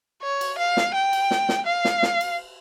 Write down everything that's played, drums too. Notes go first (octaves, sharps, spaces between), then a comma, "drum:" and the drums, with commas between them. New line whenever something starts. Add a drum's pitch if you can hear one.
C#5
drum: cymbal
F5
drum: snare
G5
drum: cymbal
drum: snare
drum: snare
F5
drum: snare
drum: snare
drum: cymbal